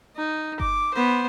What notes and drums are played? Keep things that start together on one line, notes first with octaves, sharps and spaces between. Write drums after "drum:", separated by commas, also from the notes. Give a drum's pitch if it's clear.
D#4
D6, drum: kick G1
B3 C5